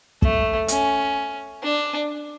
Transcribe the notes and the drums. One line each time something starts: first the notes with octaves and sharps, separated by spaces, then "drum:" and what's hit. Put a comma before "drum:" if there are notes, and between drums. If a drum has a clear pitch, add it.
A3, drum: kick
C#4, drum: hi-hat
D4